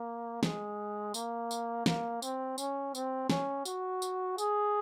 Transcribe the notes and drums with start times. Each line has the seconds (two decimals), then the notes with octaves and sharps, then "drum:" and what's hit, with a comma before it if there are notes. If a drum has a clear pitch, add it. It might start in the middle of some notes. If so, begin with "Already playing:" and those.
Already playing: A#3
0.43 G#3, drum: snare
1.14 A#3, drum: tambourine
1.51 drum: tambourine
1.86 A#3, drum: snare
2.22 C4, drum: tambourine
2.58 C#4, drum: tambourine
2.95 C4, drum: tambourine
3.30 C#4, drum: snare
3.65 F#4, drum: tambourine
4.02 drum: tambourine
4.38 G#4, drum: tambourine